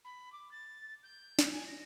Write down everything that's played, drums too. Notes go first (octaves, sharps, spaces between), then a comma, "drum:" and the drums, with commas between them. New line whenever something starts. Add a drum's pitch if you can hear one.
B5
D6
A6
G6
drum: snare
G#5
A#6